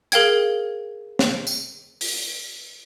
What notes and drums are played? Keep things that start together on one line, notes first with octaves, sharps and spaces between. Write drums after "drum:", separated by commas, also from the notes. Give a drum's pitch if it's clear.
G#4 A#4 F5 G5 G#6, drum: hi-hat
drum: snare
drum: tambourine
drum: open hi-hat